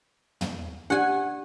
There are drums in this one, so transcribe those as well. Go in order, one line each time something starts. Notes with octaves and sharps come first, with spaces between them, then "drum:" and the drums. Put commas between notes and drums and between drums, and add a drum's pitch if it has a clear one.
drum: tom
D4 G4 D5 F#5 G#5